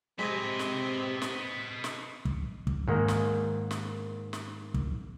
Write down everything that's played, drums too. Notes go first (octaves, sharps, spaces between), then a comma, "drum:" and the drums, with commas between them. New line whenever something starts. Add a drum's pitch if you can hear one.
C3 G#3 C4 B4 D#5
drum: snare
drum: snare
drum: snare
drum: kick
drum: kick
G#2 D#3 A#3
drum: snare
drum: snare
drum: snare
drum: kick